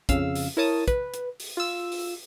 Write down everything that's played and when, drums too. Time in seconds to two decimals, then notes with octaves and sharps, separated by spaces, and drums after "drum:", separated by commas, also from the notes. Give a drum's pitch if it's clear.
0.09 F2 C#3 F5 E6, drum: kick, hi-hat
0.35 drum: open hi-hat
0.57 E4 A#4 C#5 A5 D#6
0.88 B4, drum: kick, hi-hat
1.14 drum: hi-hat
1.40 drum: open hi-hat
1.57 F4 E6
1.92 drum: open hi-hat